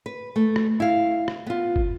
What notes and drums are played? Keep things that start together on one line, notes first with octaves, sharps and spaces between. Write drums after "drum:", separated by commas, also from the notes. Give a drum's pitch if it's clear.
B4
A3
drum: rim click
E4 F5
drum: rim click
B3 F4
drum: kick